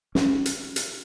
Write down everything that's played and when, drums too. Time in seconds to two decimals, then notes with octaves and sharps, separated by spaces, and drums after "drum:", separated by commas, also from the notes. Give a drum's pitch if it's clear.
0.15 C#4, drum: snare
0.46 drum: hi-hat
0.76 drum: hi-hat